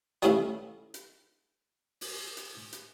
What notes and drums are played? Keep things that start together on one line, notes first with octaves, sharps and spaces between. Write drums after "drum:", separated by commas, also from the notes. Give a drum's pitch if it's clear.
G3 A3 B3 C#4 E4 F5, drum: hi-hat
drum: hi-hat
drum: open hi-hat
drum: hi-hat
drum: hi-hat